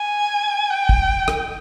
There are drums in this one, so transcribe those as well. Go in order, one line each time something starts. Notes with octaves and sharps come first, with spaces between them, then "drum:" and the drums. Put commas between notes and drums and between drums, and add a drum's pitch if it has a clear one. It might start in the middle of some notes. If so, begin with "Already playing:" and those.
Already playing: G#5
G5
drum: kick
drum: rim click